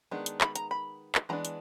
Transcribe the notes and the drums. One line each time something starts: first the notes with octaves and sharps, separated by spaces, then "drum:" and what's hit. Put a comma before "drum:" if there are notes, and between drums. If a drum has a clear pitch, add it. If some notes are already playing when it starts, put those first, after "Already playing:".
D#3 G#3 B3 D4
drum: hi-hat
B5, drum: clap
A#5, drum: hi-hat
B5
drum: clap
E3 G#3 B3 D4 A#5
drum: hi-hat